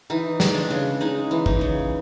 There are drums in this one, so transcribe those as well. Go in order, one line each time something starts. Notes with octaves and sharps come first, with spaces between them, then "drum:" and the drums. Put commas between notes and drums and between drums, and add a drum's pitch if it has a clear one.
E3 D#4
G#3, drum: snare
D4
C#3
G#3 D#4
E3
D#4, drum: kick
C#3